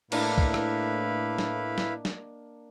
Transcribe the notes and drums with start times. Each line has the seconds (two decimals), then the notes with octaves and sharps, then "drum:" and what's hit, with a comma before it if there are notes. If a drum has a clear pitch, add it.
0.12 A2 A#3 D4 E4 B4 D#5 F5, drum: cymbal
0.38 drum: kick
0.54 drum: rim click
1.38 drum: snare
1.78 drum: snare
2.05 drum: snare